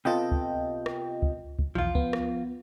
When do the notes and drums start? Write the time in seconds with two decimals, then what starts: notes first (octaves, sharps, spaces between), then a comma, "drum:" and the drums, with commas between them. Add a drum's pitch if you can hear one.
0.05 C3 B3 F4 A4 D#5 G5
0.32 drum: kick C#2
0.86 drum: rim click
1.22 drum: kick C#2
1.59 drum: kick C#2
1.75 B1 E2 F3 F4
1.95 B3, drum: kick C#2
2.13 drum: rim click